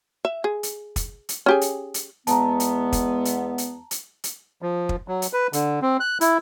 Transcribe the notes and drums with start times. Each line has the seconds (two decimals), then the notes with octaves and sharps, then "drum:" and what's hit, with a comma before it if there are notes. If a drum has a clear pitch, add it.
0.25 E5
0.44 G#4
0.63 drum: hi-hat
0.96 drum: kick, hi-hat
1.29 drum: hi-hat
1.46 C#4 G4 G#4
1.61 drum: hi-hat
1.94 drum: hi-hat
2.27 E2 G#3 B3 A5 A#5, drum: hi-hat
2.60 drum: hi-hat
2.93 drum: kick, hi-hat
3.25 drum: hi-hat
3.58 drum: hi-hat
3.91 drum: hi-hat
4.24 drum: hi-hat
4.62 F3
4.89 drum: kick
5.08 F#3
5.22 drum: hi-hat
5.33 B4
5.53 D3, drum: hi-hat
5.82 C4
6.00 F#6
6.21 E4, drum: hi-hat